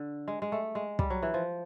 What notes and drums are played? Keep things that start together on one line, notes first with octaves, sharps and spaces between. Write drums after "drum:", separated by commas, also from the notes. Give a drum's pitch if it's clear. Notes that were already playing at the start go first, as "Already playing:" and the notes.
Already playing: D3
G#3
G#3
A3
G#3
G3, drum: kick
F#3
E3
F3